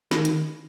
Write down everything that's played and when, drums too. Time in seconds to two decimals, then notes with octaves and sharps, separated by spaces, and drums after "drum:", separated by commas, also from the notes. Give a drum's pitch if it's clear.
0.11 D#3, drum: snare
0.25 drum: hi-hat